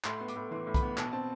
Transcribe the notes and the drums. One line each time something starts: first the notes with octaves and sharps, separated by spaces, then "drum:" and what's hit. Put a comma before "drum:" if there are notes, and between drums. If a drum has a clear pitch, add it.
A2 C6, drum: clap
B3
D6, drum: hi-hat
A2
E3 C6
A2
B5, drum: kick B1, hi-hat
B3
B2 A5, drum: clap
C4 A5